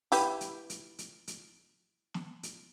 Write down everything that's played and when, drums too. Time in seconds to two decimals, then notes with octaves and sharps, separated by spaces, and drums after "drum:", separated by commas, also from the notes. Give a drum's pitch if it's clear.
0.12 E4 G4 B4, drum: open hi-hat
0.41 drum: hi-hat
0.70 drum: hi-hat
0.99 drum: hi-hat
1.27 drum: hi-hat
2.14 drum: snare
2.43 drum: hi-hat